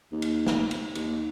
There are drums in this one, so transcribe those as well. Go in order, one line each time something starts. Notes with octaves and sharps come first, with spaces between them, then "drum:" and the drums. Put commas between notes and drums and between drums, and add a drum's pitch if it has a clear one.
D#2
drum: cymbal
drum: snare
drum: cymbal
D#2, drum: cymbal